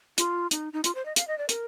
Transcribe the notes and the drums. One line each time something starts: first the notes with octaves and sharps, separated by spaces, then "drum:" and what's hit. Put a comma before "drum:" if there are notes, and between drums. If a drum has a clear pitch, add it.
F4, drum: hi-hat
D#4, drum: hi-hat
D#4
F4, drum: hi-hat
C5
D#5
F5, drum: hi-hat
D#5
D5
A#4, drum: hi-hat